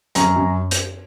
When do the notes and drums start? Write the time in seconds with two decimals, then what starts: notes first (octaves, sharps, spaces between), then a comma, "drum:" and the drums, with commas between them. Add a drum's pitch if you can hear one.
0.15 F#2 A#5, drum: hi-hat
0.36 F#2
0.71 drum: hi-hat